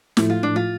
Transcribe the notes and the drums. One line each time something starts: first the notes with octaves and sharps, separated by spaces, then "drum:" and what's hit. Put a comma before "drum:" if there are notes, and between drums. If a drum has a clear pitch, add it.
A2 F3 A3 E4, drum: snare
F4
D4
F4